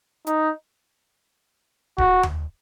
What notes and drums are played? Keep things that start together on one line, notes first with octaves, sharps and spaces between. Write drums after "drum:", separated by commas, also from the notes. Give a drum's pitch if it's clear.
D#4, drum: hi-hat
F#4, drum: kick D1
drum: tom D#2